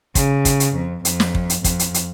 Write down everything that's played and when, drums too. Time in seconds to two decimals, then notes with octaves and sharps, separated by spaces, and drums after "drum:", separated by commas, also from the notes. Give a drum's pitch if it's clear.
0.15 C#3, drum: kick, hi-hat
0.45 drum: kick, hi-hat
0.60 drum: hi-hat
0.75 F2
1.05 F2, drum: hi-hat
1.20 drum: snare
1.35 drum: kick
1.50 drum: hi-hat
1.64 F2, drum: kick, hi-hat
1.79 drum: hi-hat
1.94 drum: hi-hat